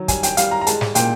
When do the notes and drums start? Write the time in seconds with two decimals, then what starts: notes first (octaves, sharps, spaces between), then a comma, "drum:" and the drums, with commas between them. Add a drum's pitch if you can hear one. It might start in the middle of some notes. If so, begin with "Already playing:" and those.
Already playing: D#3 F#3
0.08 G3 G#5, drum: kick, hi-hat
0.23 G5, drum: hi-hat
0.37 G3 F5, drum: hi-hat
0.51 A#5
0.61 A#5
0.67 G#3 A5, drum: hi-hat
0.81 drum: snare
0.95 A#2 G5, drum: hi-hat